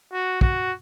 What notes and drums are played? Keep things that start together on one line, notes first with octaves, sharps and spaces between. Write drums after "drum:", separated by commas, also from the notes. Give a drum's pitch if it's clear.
F#4
F#4, drum: kick